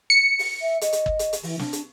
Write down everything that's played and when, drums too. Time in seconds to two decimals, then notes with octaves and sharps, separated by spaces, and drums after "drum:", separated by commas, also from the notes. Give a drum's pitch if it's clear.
0.10 C#7
0.39 drum: open hi-hat
0.61 E5
0.81 D#5, drum: hi-hat
0.93 drum: hi-hat
1.06 drum: kick G1
1.19 drum: hi-hat
1.33 drum: hi-hat
1.43 E3, drum: open hi-hat
1.59 D4, drum: snare
1.73 drum: hi-hat